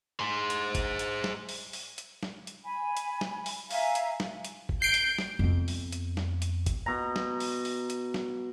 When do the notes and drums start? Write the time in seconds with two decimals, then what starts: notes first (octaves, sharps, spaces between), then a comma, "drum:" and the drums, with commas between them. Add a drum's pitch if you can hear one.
0.20 G#4 C5
0.50 drum: hi-hat
0.75 drum: kick, hi-hat
0.99 drum: hi-hat
1.24 drum: snare
1.49 drum: open hi-hat
1.73 drum: open hi-hat
1.98 drum: hi-hat
2.23 drum: snare
2.47 drum: hi-hat
2.64 G#5 B5
2.97 drum: hi-hat
3.21 drum: snare
3.46 drum: open hi-hat
3.71 E5 F5 G#5 A#5, drum: open hi-hat
3.95 drum: hi-hat
4.20 drum: snare
4.45 drum: hi-hat
4.69 drum: kick
4.82 G6 C7 D7
4.94 drum: hi-hat
5.18 drum: snare
5.39 F2 B3
5.68 drum: open hi-hat
5.92 drum: hi-hat
6.17 drum: snare
6.42 drum: hi-hat
6.66 drum: kick, hi-hat
6.86 B2 A#5
7.16 drum: snare
7.40 drum: open hi-hat
7.65 drum: open hi-hat
7.90 drum: hi-hat
8.14 drum: snare